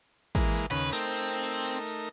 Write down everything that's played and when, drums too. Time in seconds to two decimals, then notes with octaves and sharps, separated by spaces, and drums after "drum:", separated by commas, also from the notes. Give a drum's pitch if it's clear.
0.35 E3 G#3 A#3, drum: kick, tambourine
0.57 drum: tambourine
0.71 D#2 C#3 B4
0.93 A3 C4 D#4 A#4
1.22 drum: tambourine
1.43 drum: tambourine
1.65 drum: tambourine
1.87 drum: tambourine